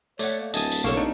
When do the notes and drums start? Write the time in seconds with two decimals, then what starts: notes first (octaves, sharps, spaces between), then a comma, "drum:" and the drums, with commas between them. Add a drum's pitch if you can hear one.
0.19 A3 C#5 D5 F#5, drum: tambourine
0.41 A#3
0.54 D1 D#5 G#5 A5 D#6, drum: tambourine
0.72 drum: tambourine
0.84 B1 A#3 A4 C#5 C#6
0.97 D4 D#4